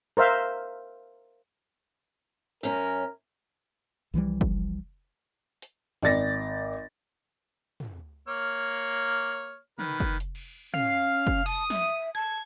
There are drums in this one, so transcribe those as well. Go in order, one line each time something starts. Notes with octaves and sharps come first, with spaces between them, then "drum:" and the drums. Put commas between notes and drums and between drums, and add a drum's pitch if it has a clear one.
A#4 C5 E5 F5
F#2 C#4 A#4
C2 E3 F3 G3
drum: kick
drum: hi-hat
G#1 D5 A6 A#6, drum: open hi-hat
drum: tom
A#3 C#5 F6
D#3 B4, drum: tom
drum: kick
drum: hi-hat
drum: cymbal
C#4 F5, drum: tom
drum: kick
A5 D#6, drum: cymbal
E5, drum: snare
A5 G#6